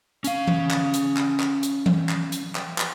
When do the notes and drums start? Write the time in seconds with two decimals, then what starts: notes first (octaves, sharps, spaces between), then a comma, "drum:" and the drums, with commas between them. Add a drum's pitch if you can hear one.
0.24 C#4 F5, drum: hi-hat
0.47 drum: tom E3
0.71 drum: clap
0.94 drum: hi-hat
1.17 drum: clap
1.40 drum: clap
1.63 drum: hi-hat
1.86 drum: tom E3
2.09 drum: clap
2.32 drum: hi-hat
2.55 drum: clap
2.78 drum: clap